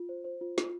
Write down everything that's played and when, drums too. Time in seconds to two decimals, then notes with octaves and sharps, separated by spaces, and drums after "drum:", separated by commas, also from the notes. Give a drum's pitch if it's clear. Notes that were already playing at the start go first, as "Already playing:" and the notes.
Already playing: F4
0.09 C5
0.24 C5
0.41 F4
0.58 F4, drum: snare